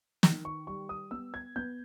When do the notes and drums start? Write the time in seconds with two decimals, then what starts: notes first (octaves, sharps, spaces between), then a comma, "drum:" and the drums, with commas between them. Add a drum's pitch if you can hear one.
0.23 D#3, drum: snare
0.45 C#6
0.67 G3 C#6
0.89 D#6
1.11 B3 E6
1.34 G#6
1.56 B3 G6